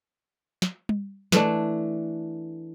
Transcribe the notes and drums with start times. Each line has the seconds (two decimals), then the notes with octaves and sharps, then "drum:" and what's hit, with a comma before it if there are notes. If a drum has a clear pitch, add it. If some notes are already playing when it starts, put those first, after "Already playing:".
0.62 drum: snare
0.89 drum: tom G3
1.32 E3 A3 D4, drum: snare